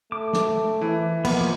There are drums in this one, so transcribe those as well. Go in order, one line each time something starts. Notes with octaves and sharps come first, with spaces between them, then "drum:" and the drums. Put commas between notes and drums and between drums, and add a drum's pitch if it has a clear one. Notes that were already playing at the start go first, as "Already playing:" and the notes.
A3 D6
drum: snare
E3
F3 A#3 B3, drum: cymbal